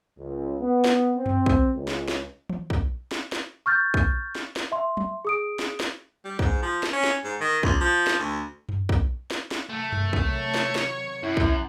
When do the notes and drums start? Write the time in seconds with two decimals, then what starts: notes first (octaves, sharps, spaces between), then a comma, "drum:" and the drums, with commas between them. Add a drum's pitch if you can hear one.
0.18 C#2
0.60 B3
0.84 drum: snare
1.16 C4
1.26 drum: tom F#2
1.46 drum: kick
1.75 C#2
1.88 drum: snare
2.08 drum: snare
2.50 drum: tom E3
2.70 drum: kick
3.11 drum: snare
3.32 drum: snare
3.66 C#6 F6 G6 A6
3.94 drum: kick
4.35 drum: snare
4.56 drum: snare
4.72 E5 C6
4.97 drum: tom
5.25 G#4 D#6 D7
5.59 drum: snare
5.80 drum: snare
6.25 G3
6.39 G#2, drum: kick
6.63 F3
6.83 drum: snare
6.93 C#4
7.03 drum: snare
7.24 G#2
7.40 D#3
7.63 C#2, drum: kick
7.81 F3
8.07 drum: snare
8.19 D2
8.69 drum: tom F#2
8.89 drum: kick
9.30 drum: snare
9.51 drum: snare
9.69 C3 D#3 F#3 A3
9.92 drum: tom F#2
10.13 drum: kick
10.32 C#5
10.54 drum: snare
10.75 drum: snare
11.23 F#2 E4
11.37 drum: kick